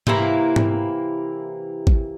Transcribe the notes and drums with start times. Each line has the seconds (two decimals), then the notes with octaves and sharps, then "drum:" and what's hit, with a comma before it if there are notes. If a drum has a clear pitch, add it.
0.07 C3 E3 A#3 E4, drum: tom G#2
0.56 drum: tom G#2
1.87 drum: kick